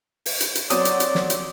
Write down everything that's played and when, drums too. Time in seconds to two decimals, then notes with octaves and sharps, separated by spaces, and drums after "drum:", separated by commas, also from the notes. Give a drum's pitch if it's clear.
0.26 drum: open hi-hat
0.40 drum: hi-hat
0.55 drum: hi-hat
0.70 F#3 C4 F#4 C#5 D5 D#6, drum: hi-hat
0.85 drum: hi-hat
1.00 drum: hi-hat
1.15 drum: snare
1.30 drum: hi-hat